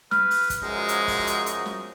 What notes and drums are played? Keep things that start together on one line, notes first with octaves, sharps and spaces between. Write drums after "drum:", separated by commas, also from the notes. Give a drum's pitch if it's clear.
B4 F6, drum: snare
drum: open hi-hat
drum: kick, hi-hat
F#2 F3 G#3 D#4 F#4
drum: hi-hat
drum: kick, open hi-hat
drum: hi-hat
drum: hi-hat
drum: snare